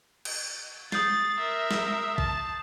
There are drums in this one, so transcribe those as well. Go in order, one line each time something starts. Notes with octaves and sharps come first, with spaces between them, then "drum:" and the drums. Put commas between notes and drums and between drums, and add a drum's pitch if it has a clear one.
drum: cymbal
D#6 G6 A6 C7, drum: snare
A#4 E5
drum: snare
A5, drum: kick